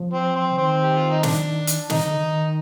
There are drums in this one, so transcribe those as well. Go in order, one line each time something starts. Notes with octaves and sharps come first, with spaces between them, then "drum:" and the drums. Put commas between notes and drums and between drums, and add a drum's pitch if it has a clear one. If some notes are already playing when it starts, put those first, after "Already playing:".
Already playing: F3
C4
C4
D3
D#3 C4
G4
F4
D#4
D4, drum: snare
drum: hi-hat
D#3 D#4, drum: snare
D3
D#3